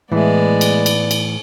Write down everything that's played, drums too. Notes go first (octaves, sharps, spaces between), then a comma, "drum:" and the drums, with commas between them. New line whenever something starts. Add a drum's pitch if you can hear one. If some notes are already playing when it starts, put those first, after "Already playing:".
A2 E3 G#3 B3 D5
drum: cymbal
drum: cymbal
drum: cymbal